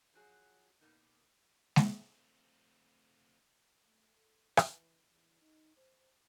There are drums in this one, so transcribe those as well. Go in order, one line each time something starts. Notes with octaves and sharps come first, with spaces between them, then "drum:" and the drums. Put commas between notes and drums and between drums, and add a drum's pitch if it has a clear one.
F3 F#3 F#4 G#4
B2 A#3 D#4
A3 C4, drum: snare G#3
A3
A4
E3, drum: rim click
E2
D#4
C5